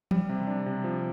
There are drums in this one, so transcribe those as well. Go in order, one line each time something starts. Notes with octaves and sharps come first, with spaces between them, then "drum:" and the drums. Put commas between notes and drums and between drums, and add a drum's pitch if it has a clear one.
G3, drum: tom E3
C3
D4
C3
F3